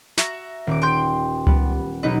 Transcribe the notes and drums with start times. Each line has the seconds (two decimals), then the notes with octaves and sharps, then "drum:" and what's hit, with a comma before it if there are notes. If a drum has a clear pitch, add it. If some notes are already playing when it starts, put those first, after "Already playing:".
0.17 F#4 E5 A#5, drum: snare
0.67 D#1 D6
0.82 G5 C6 G6
1.47 G3 B3, drum: tom C#2
2.03 B1 D#4 B4 D#5